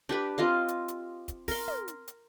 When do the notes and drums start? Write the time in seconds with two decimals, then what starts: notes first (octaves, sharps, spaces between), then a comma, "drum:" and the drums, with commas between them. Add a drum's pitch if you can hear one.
0.09 D4 G4 B4
0.38 C4 F4 D#5 F5
0.68 drum: hi-hat
0.88 drum: hi-hat
1.28 drum: kick, hi-hat
1.48 A#4 C6, drum: kick, open hi-hat
1.68 drum: tom
1.88 drum: hi-hat
2.08 drum: hi-hat